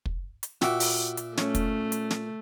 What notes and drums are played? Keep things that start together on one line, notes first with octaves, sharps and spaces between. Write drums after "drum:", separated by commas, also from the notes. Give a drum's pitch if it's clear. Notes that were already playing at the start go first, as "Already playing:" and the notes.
drum: kick
drum: hi-hat
A#2 F#4 E5 G5 D6, drum: snare
drum: open hi-hat
drum: hi-hat
A3 C#4, drum: snare
drum: kick, hi-hat
drum: hi-hat
drum: snare